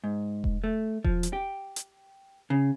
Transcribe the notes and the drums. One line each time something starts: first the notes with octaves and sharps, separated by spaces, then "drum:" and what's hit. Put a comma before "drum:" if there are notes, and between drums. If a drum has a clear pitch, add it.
G#2
drum: kick E1
A3
F3, drum: kick E1
drum: hi-hat
G4
drum: hi-hat
C#3